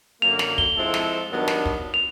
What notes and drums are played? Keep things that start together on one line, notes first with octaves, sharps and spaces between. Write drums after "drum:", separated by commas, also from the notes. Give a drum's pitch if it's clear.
F#2 D3 F#3 A#3 F7
F#7, drum: snare
G7, drum: kick
F3 G#3 C4 E4 A4
drum: snare
G2 D#3 F#3 B3 D4
drum: snare
drum: kick
F7